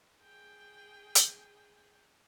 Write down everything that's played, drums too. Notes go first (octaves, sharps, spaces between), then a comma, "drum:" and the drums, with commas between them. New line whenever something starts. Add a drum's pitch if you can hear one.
G#4 G5
drum: hi-hat